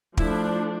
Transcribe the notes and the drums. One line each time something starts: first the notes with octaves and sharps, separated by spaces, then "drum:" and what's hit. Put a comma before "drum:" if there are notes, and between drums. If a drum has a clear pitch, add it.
F3 A3 D4 E4, drum: kick